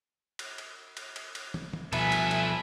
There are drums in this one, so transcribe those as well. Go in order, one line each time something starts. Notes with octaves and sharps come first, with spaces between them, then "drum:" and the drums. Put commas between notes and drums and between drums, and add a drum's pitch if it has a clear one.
drum: cymbal
drum: cymbal
drum: cymbal
drum: cymbal
drum: cymbal
drum: tom
drum: tom
B2 F3 A4 B4 E5 G#5, drum: cymbal
drum: cymbal
drum: cymbal